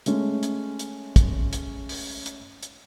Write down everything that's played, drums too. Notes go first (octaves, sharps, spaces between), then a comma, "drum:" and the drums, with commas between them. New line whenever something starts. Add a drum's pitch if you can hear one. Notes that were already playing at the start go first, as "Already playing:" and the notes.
G#3 A3 C#4, drum: hi-hat
drum: hi-hat
drum: hi-hat
drum: kick, hi-hat
drum: hi-hat
drum: open hi-hat
drum: hi-hat
drum: hi-hat